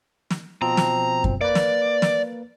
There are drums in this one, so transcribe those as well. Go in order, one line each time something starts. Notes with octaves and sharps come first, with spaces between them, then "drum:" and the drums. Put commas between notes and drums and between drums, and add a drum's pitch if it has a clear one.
drum: snare
B2 F3 C4 A#5
drum: snare
drum: kick F#2
A#3 B4 D5
drum: snare
drum: snare